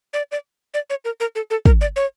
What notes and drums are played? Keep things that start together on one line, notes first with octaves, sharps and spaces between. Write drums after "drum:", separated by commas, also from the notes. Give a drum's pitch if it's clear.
D5
D5
D5
C#5
A#4
A#4
A4
A4
A#4, drum: kick
D5
C#5